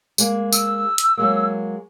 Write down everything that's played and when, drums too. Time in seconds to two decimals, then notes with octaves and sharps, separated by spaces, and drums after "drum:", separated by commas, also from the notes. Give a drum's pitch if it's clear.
0.18 G#3 A#3, drum: tambourine
0.53 E6, drum: tambourine
0.98 drum: hi-hat
1.17 F#3 G#3 A#3